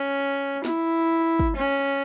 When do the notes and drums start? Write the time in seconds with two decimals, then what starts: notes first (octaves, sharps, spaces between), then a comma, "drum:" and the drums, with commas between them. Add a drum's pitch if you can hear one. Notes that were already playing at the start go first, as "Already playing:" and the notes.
Already playing: C#4
0.65 E4, drum: snare
1.39 drum: kick
1.56 C#4